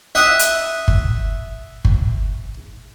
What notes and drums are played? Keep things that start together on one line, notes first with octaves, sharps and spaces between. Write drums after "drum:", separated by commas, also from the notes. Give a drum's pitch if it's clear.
E5 F#5 D#6
drum: hi-hat
drum: kick G1
drum: kick G1